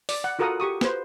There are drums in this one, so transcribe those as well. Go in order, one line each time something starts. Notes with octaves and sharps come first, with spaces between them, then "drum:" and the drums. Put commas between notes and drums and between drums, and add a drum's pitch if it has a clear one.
D5, drum: open hi-hat
F#5
F4 F#4 A4 A#4 F#5 D#6
G4 C#6 D#6
B4 C5, drum: snare